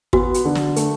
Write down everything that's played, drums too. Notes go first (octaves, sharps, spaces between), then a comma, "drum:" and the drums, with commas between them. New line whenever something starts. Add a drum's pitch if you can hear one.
B3 F#4, drum: kick
drum: hi-hat
D3
drum: snare
A3, drum: hi-hat